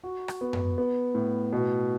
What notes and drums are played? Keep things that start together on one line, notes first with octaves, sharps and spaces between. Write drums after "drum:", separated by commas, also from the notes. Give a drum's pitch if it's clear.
F#4
drum: rim click
B3
drum: tom F#2
B3
A2
B2